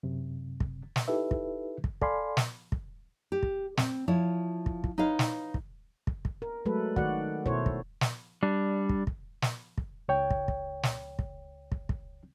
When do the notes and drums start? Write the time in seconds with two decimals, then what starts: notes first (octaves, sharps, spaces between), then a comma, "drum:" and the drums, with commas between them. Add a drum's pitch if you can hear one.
0.03 F#2 C3
0.60 drum: kick
0.96 drum: snare
1.08 D#4 E4 G4 A4 B4 E5
1.31 drum: kick
1.84 drum: kick
2.02 A4 D5 F5 G#5 B5 C6, drum: kick
2.37 drum: snare
2.72 drum: kick
3.32 G4
3.43 drum: kick
3.77 C4, drum: snare
4.08 F3 E4 C#5
4.66 drum: kick
4.84 drum: kick
4.98 D#4 B4 C#5 F5
5.19 drum: snare
5.54 drum: kick
6.07 drum: kick
6.25 drum: kick
6.42 A#4
6.65 F#3 G#3 A3 A4 B4
6.96 D#3 F#4 D5 F#5, drum: kick
7.46 B2 E4 A4 C5 C#5, drum: kick
7.66 drum: kick
8.01 drum: snare
8.43 G3 D4
8.89 drum: kick
9.07 drum: kick
9.42 drum: snare
9.78 drum: kick
10.08 C#2 C#5 G5
10.30 drum: kick
10.48 drum: kick
10.83 drum: snare
11.19 drum: kick
11.72 drum: kick
11.89 drum: kick